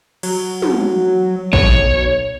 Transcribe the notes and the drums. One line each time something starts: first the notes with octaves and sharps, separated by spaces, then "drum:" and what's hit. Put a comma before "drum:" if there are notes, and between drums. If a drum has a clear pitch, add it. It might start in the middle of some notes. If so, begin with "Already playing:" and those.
F#3, drum: cymbal
drum: tom
B1 C#5, drum: kick